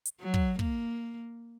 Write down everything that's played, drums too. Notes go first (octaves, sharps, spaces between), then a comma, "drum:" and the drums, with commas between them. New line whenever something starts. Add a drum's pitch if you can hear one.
drum: hi-hat
F#3
drum: kick
A#3, drum: kick